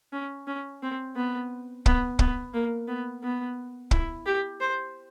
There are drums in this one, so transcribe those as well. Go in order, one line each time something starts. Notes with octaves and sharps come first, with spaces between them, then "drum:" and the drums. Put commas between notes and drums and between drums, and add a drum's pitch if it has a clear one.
C#4
C#4
C4
B3
B3, drum: kick
B3, drum: kick
A#3
B3
B3
E4, drum: kick
G4
C5